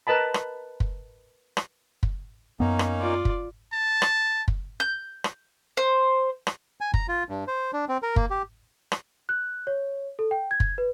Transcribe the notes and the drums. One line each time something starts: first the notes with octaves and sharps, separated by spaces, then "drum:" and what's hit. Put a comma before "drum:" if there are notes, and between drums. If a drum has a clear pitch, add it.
A#4 B4 D#5 A5 B5
drum: rim click
drum: kick
drum: rim click
drum: kick
F#2 A#3 B3 C#4 D#4
drum: rim click
F4 D5
drum: kick
A5
drum: rim click
drum: kick
G6
drum: rim click
C5
drum: rim click
G#5
A#5, drum: kick
F4
G2
C5
D4
C4
A#4
A#3, drum: kick
G4
drum: rim click
F#6
C#5
A4
G5
G#6
drum: kick
B4